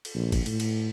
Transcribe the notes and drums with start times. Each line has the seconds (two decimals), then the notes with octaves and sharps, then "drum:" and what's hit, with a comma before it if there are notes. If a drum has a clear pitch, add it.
0.05 drum: cymbal
0.14 A#1
0.32 drum: kick, cymbal
0.46 A2, drum: cymbal
0.60 drum: cymbal